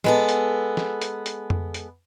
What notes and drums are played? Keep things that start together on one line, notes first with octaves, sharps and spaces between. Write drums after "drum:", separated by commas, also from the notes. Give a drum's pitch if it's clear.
G#3 B3 A4, drum: snare
drum: hi-hat
drum: snare
drum: hi-hat
drum: hi-hat
drum: tom F2
drum: hi-hat